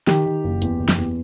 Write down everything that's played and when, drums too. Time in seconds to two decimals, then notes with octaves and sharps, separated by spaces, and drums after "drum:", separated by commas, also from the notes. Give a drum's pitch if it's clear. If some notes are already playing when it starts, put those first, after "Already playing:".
0.07 D#3 G4, drum: snare
0.26 D#3
0.44 F#1
0.62 E2, drum: hi-hat
0.79 F#1
0.89 drum: snare
0.98 E2